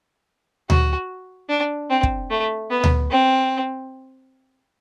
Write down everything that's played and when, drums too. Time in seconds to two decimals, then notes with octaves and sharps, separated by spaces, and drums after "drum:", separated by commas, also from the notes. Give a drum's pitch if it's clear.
0.70 F#4, drum: tom D2
1.49 D4
1.90 C4
2.03 drum: kick
2.30 A3
2.70 B3
2.84 drum: tom D2
3.10 C4